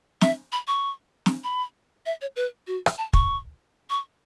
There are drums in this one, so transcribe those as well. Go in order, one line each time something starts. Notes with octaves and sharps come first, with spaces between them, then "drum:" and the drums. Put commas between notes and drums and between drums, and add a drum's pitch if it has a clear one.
E5, drum: snare
B5
C#6
drum: snare
B5
E5
C#5
B4
F#4
drum: rim click
A5
C#6, drum: kick
C#6